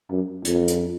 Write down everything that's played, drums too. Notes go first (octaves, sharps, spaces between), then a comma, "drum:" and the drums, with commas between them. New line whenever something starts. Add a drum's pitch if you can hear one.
F#2
F2, drum: hi-hat
drum: hi-hat